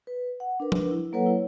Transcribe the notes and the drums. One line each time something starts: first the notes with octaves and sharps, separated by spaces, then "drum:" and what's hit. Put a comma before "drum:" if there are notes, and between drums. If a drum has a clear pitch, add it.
B4
F#5
D4 A#4 B4
drum: tom F3
E4
F#3 A#3 A4 B4 C#5 F#5
E4 C#5